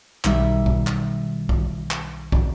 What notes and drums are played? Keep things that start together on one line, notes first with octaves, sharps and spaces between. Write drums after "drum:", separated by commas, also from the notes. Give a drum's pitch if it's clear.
B1 D#3 G3 E5, drum: clap
drum: kick
drum: clap
drum: kick
drum: clap
drum: kick